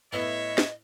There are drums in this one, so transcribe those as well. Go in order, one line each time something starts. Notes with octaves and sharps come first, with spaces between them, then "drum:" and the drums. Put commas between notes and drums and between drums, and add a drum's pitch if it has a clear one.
A2 B3 E4 C#5 D#5 E5
drum: snare